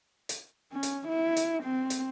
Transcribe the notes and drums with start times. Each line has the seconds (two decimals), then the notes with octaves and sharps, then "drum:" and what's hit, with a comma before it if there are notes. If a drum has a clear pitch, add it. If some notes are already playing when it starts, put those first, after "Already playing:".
0.29 drum: hi-hat
0.72 C#4
0.83 drum: hi-hat
1.08 E4
1.37 drum: hi-hat
1.63 C4
1.90 drum: hi-hat